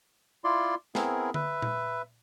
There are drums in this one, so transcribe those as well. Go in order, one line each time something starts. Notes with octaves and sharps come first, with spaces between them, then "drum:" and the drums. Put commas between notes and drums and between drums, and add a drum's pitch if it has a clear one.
E4 F4 D5 C6
B3 C4 E4 G#4 A#4, drum: snare
B4 E5, drum: tom D3
drum: tom A#2